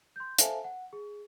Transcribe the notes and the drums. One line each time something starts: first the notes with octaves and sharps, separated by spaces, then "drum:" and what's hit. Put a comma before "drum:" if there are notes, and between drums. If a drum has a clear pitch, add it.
C6 G6
A4 C5 E5 F5 G#5 A5, drum: hi-hat
F#5
G#4